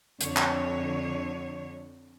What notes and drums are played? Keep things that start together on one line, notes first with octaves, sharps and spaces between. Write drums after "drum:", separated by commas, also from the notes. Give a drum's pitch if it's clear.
F2 D3 C#5, drum: hi-hat
drum: clap